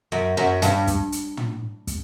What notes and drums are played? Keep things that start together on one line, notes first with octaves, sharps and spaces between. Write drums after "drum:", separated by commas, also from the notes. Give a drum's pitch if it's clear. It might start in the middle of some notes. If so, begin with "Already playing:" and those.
F#2
F#2
G2, drum: hi-hat
drum: kick, hi-hat
drum: hi-hat
drum: tom
drum: kick, hi-hat